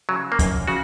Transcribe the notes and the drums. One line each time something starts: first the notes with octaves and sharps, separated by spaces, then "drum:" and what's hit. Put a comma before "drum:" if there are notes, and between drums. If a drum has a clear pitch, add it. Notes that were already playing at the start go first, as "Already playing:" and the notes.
C#3 F#3
A#3
F#2, drum: kick, hi-hat
C#3 F#4